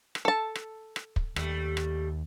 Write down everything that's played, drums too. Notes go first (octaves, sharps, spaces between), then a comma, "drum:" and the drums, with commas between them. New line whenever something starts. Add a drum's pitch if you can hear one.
drum: rim click
A4 A5
drum: rim click
drum: rim click
drum: kick
D#2 G3 A3, drum: rim click
drum: rim click